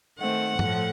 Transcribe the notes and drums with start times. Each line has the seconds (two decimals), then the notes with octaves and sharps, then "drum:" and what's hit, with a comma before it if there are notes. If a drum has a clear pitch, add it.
0.18 D#3 A3 C4 F#5
0.59 A2 F3 A3, drum: tom